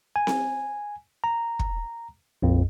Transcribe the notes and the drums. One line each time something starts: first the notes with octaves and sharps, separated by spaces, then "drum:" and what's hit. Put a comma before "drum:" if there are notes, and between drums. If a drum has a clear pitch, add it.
G#5
drum: snare C4
A#5
drum: kick
A#1 F2